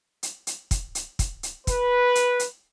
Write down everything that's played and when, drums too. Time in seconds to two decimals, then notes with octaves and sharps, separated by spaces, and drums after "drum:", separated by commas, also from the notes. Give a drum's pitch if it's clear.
0.23 drum: hi-hat
0.47 drum: hi-hat
0.71 drum: kick, hi-hat
0.95 drum: hi-hat
1.19 drum: kick, hi-hat
1.43 drum: hi-hat
1.67 B4, drum: kick, hi-hat
2.15 drum: hi-hat
2.39 drum: hi-hat